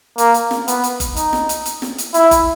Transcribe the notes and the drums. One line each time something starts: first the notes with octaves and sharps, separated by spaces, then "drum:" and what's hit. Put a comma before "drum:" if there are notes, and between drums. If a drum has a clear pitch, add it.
A#3, drum: hi-hat
drum: hi-hat
drum: snare
B3, drum: hi-hat
drum: hi-hat
drum: kick F#1, hi-hat
D#4, drum: hi-hat
drum: snare
drum: hi-hat
drum: hi-hat
drum: snare
drum: hi-hat
E4, drum: hi-hat
drum: kick F#1, hi-hat